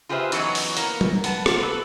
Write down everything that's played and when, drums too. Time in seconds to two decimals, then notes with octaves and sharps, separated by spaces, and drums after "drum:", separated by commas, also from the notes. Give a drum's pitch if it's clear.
0.09 F4 G4 G#4 B4 C5 E5
0.32 E3 F#3 B3 C#4 D#4, drum: hi-hat
0.55 drum: open hi-hat
0.77 A#3 B3, drum: hi-hat
1.01 drum: tom F#3
1.24 B3 A5, drum: hi-hat
1.46 F4, drum: rim click
1.60 A4 B4